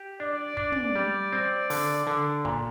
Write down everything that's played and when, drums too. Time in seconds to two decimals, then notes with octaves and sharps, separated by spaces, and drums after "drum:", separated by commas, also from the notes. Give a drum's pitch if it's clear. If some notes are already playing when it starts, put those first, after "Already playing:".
Already playing: G4
0.20 D4 D5
0.57 D4, drum: kick
0.72 drum: tom
0.96 G3
1.33 C4
1.70 D3, drum: open hi-hat
2.07 D3
2.45 A#2, drum: kick